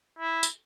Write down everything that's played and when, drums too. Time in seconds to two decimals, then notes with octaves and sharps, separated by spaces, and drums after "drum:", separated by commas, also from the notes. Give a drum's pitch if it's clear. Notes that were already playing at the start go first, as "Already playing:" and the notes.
0.19 E4
0.43 drum: tambourine